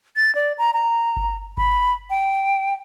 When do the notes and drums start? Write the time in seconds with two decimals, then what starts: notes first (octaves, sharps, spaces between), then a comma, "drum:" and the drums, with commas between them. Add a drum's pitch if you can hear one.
0.16 A6
0.35 D5
0.58 A#5
0.74 A#5
1.17 drum: kick G1
1.57 B5, drum: kick G1
2.10 G5